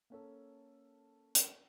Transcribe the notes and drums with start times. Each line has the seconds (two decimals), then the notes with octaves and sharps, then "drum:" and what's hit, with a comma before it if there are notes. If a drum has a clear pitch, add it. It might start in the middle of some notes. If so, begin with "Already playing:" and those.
0.10 A#3 C#4 A4
1.35 drum: hi-hat